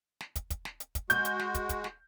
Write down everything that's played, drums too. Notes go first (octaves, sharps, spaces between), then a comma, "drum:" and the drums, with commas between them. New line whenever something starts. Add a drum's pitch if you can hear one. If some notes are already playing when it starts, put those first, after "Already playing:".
drum: snare
drum: kick, hi-hat
drum: kick, hi-hat
drum: snare
drum: hi-hat
drum: kick, hi-hat
G#3 F#4 G6, drum: hi-hat
drum: hi-hat
drum: snare
drum: kick, hi-hat
drum: kick, hi-hat
drum: snare